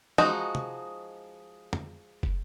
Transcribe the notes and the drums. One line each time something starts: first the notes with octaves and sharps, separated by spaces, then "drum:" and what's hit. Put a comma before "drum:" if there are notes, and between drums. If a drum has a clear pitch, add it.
F3 G#3 D#4 F#4, drum: tom
drum: tom
drum: tom
drum: kick